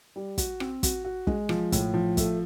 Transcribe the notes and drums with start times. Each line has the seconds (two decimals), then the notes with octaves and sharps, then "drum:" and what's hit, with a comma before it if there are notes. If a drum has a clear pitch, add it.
0.16 G3
0.38 F#4, drum: kick, hi-hat
0.60 C4, drum: rim click
0.83 F#4, drum: kick, hi-hat
1.04 F#4
1.27 G#3, drum: kick
1.49 F3, drum: rim click
1.72 A2, drum: kick, hi-hat
1.94 F3
2.17 A3, drum: kick, hi-hat